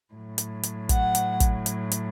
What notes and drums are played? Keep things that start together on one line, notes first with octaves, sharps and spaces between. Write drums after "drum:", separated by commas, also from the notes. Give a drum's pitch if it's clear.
A2 F#3
drum: hi-hat
drum: hi-hat
F#5, drum: kick, hi-hat
drum: hi-hat
drum: kick, hi-hat
drum: hi-hat
drum: hi-hat